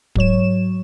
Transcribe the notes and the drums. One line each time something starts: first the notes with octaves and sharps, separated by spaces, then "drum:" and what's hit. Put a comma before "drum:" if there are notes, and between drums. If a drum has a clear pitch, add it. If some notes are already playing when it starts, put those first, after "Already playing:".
G#2 F#3 C#5 E7, drum: kick